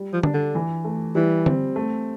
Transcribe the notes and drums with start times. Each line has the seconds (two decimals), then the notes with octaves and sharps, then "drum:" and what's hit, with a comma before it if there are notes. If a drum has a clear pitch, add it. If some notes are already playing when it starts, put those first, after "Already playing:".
Already playing: G3
0.13 F3
0.23 D4, drum: tom D3
0.34 D3
0.55 E3
0.85 A3
1.15 E3 G3
1.46 C4, drum: tom D3
1.76 A3